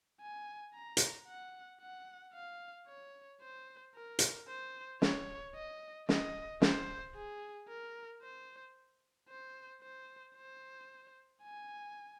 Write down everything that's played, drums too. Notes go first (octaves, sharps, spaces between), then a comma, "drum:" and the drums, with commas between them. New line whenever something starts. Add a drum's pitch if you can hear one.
G#5
A#5
drum: hi-hat
F#5
F#5
F5
C#5
C5
A#4
drum: hi-hat
C5
C#5, drum: snare
D#5
D#5, drum: snare
C5, drum: snare
G#4
A#4
C5
C5
C5
C5
G#5